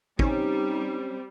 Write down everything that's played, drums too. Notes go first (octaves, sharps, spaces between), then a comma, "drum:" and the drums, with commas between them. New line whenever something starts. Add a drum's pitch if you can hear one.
G3 C4 C#4 D#4, drum: kick